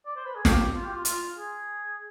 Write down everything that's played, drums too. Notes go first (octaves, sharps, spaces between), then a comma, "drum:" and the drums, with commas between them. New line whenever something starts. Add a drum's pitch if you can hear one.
D5
C5
B4
G#4
G4, drum: snare
F4
G4
F4
F4, drum: hi-hat
G#4